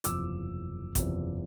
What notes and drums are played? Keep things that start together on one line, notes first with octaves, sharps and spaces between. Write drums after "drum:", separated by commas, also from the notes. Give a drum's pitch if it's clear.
F#1 E2 C3 F3 D6 E6, drum: hi-hat
F#1 E2 C3 F3, drum: kick A1, hi-hat